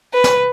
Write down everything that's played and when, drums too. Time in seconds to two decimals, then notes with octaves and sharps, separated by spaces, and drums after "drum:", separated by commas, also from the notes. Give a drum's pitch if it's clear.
0.13 B4
0.24 drum: snare